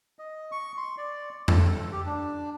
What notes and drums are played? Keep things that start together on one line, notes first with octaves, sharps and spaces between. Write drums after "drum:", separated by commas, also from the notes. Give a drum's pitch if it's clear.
D#5
C#6
C6
D5
A4, drum: tom F2
G4
D4